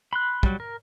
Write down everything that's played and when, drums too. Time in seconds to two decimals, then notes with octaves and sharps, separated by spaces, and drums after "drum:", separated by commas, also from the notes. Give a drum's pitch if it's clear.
0.13 B5 C6 F#6
0.43 F#3 G3, drum: kick
0.60 A#4